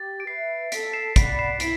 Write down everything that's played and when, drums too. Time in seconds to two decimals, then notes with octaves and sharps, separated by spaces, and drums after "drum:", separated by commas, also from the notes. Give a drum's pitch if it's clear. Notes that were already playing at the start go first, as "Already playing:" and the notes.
Already playing: G4 A6
0.20 D7
0.27 B4 E5 C7
0.72 A4 B6 D7, drum: hi-hat
0.93 C7 E7
1.16 D5 F#5 B5 B6 D7, drum: kick, hi-hat
1.39 C7 E7
1.60 E4 B6 D7, drum: hi-hat